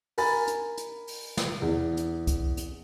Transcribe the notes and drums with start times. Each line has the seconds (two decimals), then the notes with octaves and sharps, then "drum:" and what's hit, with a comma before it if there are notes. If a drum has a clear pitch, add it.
0.18 A#4 G#5 B5 A6, drum: open hi-hat
0.48 drum: hi-hat
0.78 drum: hi-hat
1.07 drum: open hi-hat
1.37 drum: snare
1.62 E2
1.97 drum: hi-hat
2.27 drum: kick C2, hi-hat
2.57 drum: hi-hat